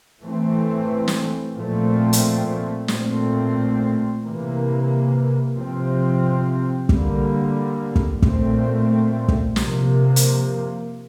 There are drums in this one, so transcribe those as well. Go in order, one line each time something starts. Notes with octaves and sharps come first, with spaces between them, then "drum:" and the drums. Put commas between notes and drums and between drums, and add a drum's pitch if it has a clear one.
E3 A3 C4
drum: snare
A#2 F3 A3 C4
drum: hi-hat
A#2 A3 C4, drum: snare
C3 E3 A#3
C3 F3 C4
D3 G3 A#3, drum: kick
drum: kick
A#2 A3 C4, drum: kick
drum: kick
C3 F3 A#3, drum: snare
drum: hi-hat